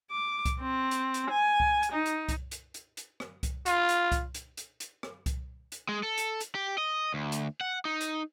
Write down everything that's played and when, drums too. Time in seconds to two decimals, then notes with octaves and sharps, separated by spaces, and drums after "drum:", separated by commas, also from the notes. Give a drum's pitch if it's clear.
0.11 D6
0.45 drum: kick C2, hi-hat
0.60 C4
0.91 drum: hi-hat
1.14 drum: hi-hat
1.30 G#5
1.60 drum: kick C2
1.83 drum: hi-hat
1.92 D#4
2.06 drum: hi-hat
2.29 drum: kick C2, hi-hat
2.51 drum: hi-hat
2.74 drum: hi-hat
2.97 drum: hi-hat
3.20 drum: rim click
3.43 drum: kick C2, hi-hat
3.66 F4, drum: hi-hat
3.89 drum: hi-hat
4.12 drum: kick C2, hi-hat
4.35 drum: hi-hat
4.57 drum: hi-hat
4.80 drum: hi-hat
5.03 drum: rim click
5.26 drum: kick C2, hi-hat
5.72 drum: hi-hat
5.89 G#3
6.03 A4
6.18 drum: hi-hat
6.40 drum: hi-hat
6.55 G4
6.78 D#5
7.14 D2
7.32 drum: hi-hat
7.61 F#5
7.85 D#4
8.01 drum: hi-hat